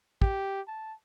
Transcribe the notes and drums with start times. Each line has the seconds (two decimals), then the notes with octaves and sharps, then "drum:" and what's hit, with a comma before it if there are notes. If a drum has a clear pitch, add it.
0.22 G4, drum: kick
0.67 A5